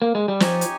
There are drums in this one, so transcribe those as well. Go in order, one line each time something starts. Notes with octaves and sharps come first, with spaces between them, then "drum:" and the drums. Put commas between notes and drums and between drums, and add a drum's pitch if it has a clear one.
A#3
G#3
G3
F3 D#4 G4 C#5 G#5, drum: snare
drum: hi-hat